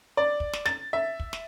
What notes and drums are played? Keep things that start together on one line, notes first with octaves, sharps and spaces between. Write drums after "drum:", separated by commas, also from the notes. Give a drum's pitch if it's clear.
D5
drum: kick
drum: snare
A6, drum: snare
E5
drum: kick
drum: snare